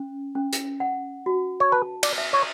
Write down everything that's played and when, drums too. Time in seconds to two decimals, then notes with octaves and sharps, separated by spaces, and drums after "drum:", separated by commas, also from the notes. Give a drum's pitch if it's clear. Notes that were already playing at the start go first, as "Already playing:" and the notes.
Already playing: C#4
0.35 C#4
0.53 drum: hi-hat
0.80 F#5
1.26 F#4
1.60 C#5
1.72 B4 A5
2.03 D5, drum: cymbal
2.18 E5
2.33 C#5